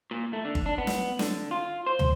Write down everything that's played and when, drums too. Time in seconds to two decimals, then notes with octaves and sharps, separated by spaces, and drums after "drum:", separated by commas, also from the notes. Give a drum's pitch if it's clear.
0.11 A#2
0.33 A3
0.45 D3
0.55 drum: kick G1
0.66 D4
0.78 B3
0.87 drum: snare
1.19 D3, drum: snare
1.51 F4
1.86 C5
1.99 drum: tom